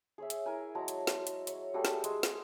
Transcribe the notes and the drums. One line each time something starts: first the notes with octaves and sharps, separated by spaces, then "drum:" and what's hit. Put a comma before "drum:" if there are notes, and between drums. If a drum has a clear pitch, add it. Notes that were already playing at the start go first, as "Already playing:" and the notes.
G#4 C#5 E5
drum: hi-hat
E4 A#4 G#5
F#3 G#3 A5 A#5
drum: hi-hat
drum: snare
drum: hi-hat
C#5, drum: hi-hat
G3 A3 F#4 G#4
drum: snare
G#3, drum: hi-hat
drum: snare